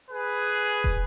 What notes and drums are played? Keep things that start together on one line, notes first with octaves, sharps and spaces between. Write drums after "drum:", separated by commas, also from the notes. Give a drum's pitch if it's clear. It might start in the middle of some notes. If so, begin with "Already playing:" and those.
G#4 B4
drum: kick